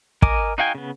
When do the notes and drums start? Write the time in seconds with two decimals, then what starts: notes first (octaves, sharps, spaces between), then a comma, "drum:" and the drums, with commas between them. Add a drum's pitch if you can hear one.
0.22 A#4 D#5 G#5 D6, drum: kick
0.58 D#4 F#4 F5 G5 G#5
0.75 C#3 B3